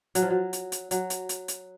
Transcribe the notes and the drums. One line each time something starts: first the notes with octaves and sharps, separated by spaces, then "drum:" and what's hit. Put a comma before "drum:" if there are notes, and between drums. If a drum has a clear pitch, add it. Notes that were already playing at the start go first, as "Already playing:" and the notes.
F#3, drum: hi-hat
F3
F#3
drum: hi-hat
drum: hi-hat
F#3, drum: hi-hat
drum: hi-hat
drum: hi-hat
drum: hi-hat